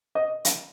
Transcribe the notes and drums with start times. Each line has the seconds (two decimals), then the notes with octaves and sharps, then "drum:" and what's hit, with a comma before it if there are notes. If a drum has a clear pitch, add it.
0.15 D#5
0.45 drum: hi-hat